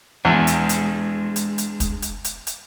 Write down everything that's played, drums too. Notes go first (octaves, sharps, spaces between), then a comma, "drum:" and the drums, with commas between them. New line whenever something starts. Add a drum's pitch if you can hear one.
E2 G#3 D4
drum: hi-hat
drum: hi-hat
drum: hi-hat
drum: hi-hat
drum: kick, hi-hat
drum: hi-hat
drum: hi-hat
drum: hi-hat